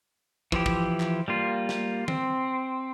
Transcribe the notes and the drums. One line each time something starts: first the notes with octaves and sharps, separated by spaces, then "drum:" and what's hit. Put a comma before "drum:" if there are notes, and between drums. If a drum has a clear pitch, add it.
E3 F3 E4 G4, drum: kick
drum: kick
drum: clap
G3 A#3 F4
drum: snare
C4, drum: tom D#3